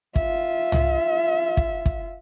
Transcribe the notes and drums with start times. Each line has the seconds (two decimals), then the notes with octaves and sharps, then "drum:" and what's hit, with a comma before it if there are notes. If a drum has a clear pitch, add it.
0.16 F4 E5, drum: kick
0.72 drum: tom C2
1.57 drum: kick
1.86 drum: kick